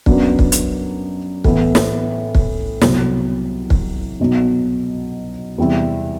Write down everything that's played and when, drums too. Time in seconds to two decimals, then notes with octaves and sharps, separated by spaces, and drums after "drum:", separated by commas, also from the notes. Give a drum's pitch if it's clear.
0.06 F#2 F#3 B3 D4, drum: kick
0.39 drum: kick
0.52 drum: hi-hat
1.44 A2 E3 B3 E4, drum: kick
1.75 drum: snare
2.35 drum: kick
2.81 C2 B2 F#3, drum: snare
3.70 drum: kick
4.20 B1 B2 F#3
5.58 E2 C3 G3 C4 E4